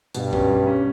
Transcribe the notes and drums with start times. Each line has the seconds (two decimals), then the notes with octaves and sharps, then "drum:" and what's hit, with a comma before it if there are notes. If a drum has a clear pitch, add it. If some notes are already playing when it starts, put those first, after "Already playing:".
0.15 G2 B2, drum: hi-hat
0.33 C#4, drum: kick A#1
0.50 G3
0.67 C#4